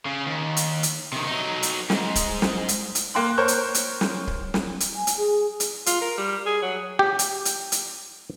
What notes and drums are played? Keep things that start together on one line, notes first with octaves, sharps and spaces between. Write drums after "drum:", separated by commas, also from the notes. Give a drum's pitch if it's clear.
C#3
D#2
drum: hi-hat
drum: hi-hat
C3 D#3
F#3 D#4
drum: hi-hat
G#2, drum: snare
drum: kick C#1, hi-hat
drum: snare
drum: hi-hat
drum: hi-hat
A#3 G5 C6 F#6
A#4 C5 C#5 C#6 G6
drum: hi-hat
drum: hi-hat
drum: snare
drum: kick C#1
drum: snare
drum: hi-hat
G#5
drum: hi-hat
G#4
drum: hi-hat
F4, drum: hi-hat
A#4
G3
G#4
F#3
G4
drum: hi-hat
drum: hi-hat
drum: hi-hat